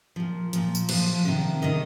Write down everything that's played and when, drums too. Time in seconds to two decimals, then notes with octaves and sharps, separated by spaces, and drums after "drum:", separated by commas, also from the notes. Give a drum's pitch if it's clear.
0.16 A#2 F3
0.53 A#2 F3, drum: hi-hat
0.75 drum: tambourine
0.89 A#2 F3 C5, drum: cymbal
1.25 C3 D#3
1.62 C3 D#3 D#5